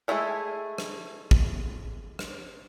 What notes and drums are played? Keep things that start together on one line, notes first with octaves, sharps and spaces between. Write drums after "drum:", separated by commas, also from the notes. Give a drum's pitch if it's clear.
G#3 A3 E4 F4 G#4
drum: rim click
drum: kick
drum: rim click